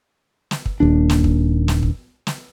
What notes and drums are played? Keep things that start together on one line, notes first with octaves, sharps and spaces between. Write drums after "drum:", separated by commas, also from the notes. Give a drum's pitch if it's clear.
drum: snare
drum: kick
D#1 D#2 D4
drum: snare
drum: kick
drum: snare
drum: kick
drum: snare